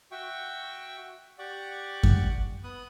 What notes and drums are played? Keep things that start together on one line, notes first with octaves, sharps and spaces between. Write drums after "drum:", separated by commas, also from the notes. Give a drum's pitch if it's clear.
F#4 E5 G5 C#6
G4 D5 F#5 C#6 D6
drum: kick F#2
B3 D#6 F#6